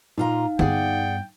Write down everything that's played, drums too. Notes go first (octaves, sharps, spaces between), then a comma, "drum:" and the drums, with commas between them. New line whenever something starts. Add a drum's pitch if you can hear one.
A#2 D#4 F4 F5 A#5
G2 B3 G#4 D5 F#5 G5, drum: tom D3